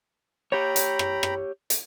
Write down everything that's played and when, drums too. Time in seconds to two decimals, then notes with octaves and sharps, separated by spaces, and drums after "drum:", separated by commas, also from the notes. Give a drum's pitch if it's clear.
0.52 G4 C#5 G5 A#5 B5
0.76 drum: hi-hat
0.99 drum: rim click
1.23 drum: rim click
1.70 drum: hi-hat